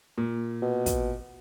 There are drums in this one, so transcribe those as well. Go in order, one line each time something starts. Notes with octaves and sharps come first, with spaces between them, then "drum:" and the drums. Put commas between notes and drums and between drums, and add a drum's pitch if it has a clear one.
A#2
B2
drum: kick, hi-hat